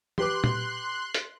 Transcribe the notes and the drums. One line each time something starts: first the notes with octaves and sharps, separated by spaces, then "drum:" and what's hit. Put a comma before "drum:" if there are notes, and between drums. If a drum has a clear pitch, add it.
G4 B4 C6 D6 F#6, drum: tom
drum: tom
drum: hi-hat